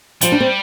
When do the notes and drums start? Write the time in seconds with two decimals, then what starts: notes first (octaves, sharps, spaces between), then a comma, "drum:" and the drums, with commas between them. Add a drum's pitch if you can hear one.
0.21 F3 G3, drum: hi-hat
0.32 D4
0.40 C4